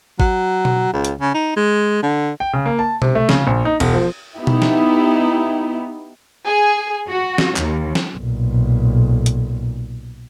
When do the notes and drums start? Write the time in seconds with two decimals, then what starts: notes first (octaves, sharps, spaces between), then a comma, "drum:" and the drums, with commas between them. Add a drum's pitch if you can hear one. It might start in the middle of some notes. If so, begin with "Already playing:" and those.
0.20 F#3, drum: kick G#1
0.65 drum: tom B2
0.93 C#2
1.05 drum: hi-hat
1.21 C#3
1.34 D#4
1.56 G#3
2.03 D3
2.40 G5
2.53 C#3
2.66 A#3
2.79 A5
3.02 C3, drum: tom B2
3.15 A3
3.29 C#3, drum: snare
3.47 A#1
3.65 D#4
3.80 E1, drum: cymbal
3.93 F3
4.38 B3 D#4 E4 G4
4.47 drum: tom B2
4.62 drum: snare
6.47 G#4
7.07 F#4
7.38 drum: snare
7.56 D#2, drum: clap
7.95 drum: snare
8.18 B1 A#2
9.26 drum: hi-hat